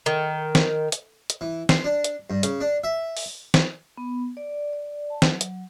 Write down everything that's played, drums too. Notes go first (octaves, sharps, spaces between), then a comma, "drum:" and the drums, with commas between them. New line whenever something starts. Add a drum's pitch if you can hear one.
D#3
drum: snare
drum: hi-hat
drum: hi-hat
E3
C6, drum: snare
D4
drum: hi-hat
G2
C#3, drum: hi-hat
D4
E5
drum: open hi-hat
drum: snare
B3
D5
D5
A5
F#3, drum: snare
drum: hi-hat